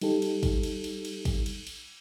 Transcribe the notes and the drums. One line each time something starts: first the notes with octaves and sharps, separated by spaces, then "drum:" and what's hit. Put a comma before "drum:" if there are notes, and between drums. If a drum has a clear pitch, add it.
G3 D#4 G4 A4, drum: cymbal
drum: cymbal
drum: kick, cymbal
drum: cymbal
drum: cymbal
drum: cymbal
drum: kick, cymbal
drum: cymbal
drum: cymbal